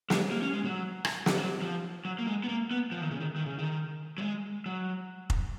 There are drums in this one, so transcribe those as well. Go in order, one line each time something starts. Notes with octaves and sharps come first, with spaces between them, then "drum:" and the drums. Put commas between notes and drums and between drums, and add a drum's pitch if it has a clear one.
G#3, drum: snare
A#3
C#4
G#3
F#3
drum: rim click
drum: snare
F#3
F3
F#3
A#3
G#3
B3
A#3
B3
F3
D#3
C#3
D#3
D#3
C#3
D#3
F#3
G#3
F#3
drum: kick F1